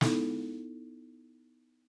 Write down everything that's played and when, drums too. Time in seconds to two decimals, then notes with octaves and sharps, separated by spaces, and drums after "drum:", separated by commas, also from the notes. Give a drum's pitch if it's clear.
0.01 B3 D#4 E4 A4, drum: snare